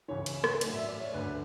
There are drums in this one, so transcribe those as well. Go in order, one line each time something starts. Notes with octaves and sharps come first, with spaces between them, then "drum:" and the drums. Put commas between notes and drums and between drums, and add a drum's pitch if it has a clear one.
C#2 C#3 E3 C#5
drum: cymbal
drum: rim click
A2 F#3 A3 D5, drum: cymbal
E5
D5
C#5
D2 D3 A3 B4